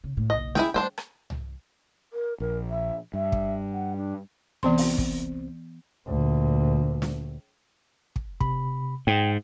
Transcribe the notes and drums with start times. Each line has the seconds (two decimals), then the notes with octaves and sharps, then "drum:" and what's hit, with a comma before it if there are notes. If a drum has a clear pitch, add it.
0.04 C#3
0.17 A2
0.30 F#1 B1 D#5
0.55 G3 E4 G#4 G5, drum: snare
0.74 G3 A3 D4 C5 G5
0.98 drum: rim click
1.30 drum: tom C2
2.13 A#4
2.40 A#1 A#4
2.69 E5
3.14 G2 E5
3.32 drum: kick
3.73 F#5
3.96 D4
4.63 C2 E3 B3 C4 C6
4.78 drum: open hi-hat
4.98 drum: kick
6.07 D2 A#2
7.02 drum: snare
8.16 drum: kick
8.41 C3 B5, drum: kick
9.07 G#2 G5